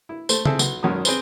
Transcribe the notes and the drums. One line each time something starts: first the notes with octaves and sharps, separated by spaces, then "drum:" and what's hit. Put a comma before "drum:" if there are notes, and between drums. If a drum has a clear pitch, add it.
E4
A3 C5, drum: tambourine
C4 G#4 A4 E5, drum: tom C#3
B1, drum: tambourine
G#1 F#2 C#4 A#4 D#6
C4 G#4 B4 C5, drum: tambourine